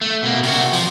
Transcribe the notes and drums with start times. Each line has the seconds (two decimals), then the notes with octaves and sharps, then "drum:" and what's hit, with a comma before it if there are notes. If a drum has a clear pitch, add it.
0.01 A3
0.23 B2 A#3
0.43 C3 F#4, drum: open hi-hat
0.73 F3, drum: open hi-hat